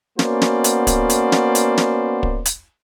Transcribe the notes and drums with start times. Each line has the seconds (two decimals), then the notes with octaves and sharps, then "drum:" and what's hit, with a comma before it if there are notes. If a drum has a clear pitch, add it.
0.19 A#3 B3 C#4 F#4 C5 D5, drum: snare
0.42 drum: snare
0.64 drum: hi-hat
0.87 drum: kick, hi-hat
1.09 drum: hi-hat
1.32 drum: snare
1.55 drum: hi-hat
1.77 drum: snare
2.23 drum: kick
2.45 drum: hi-hat